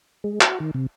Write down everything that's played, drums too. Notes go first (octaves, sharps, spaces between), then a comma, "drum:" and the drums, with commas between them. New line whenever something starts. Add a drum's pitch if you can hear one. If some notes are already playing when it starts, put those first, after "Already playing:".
G#3
F#4, drum: clap
D#3
C3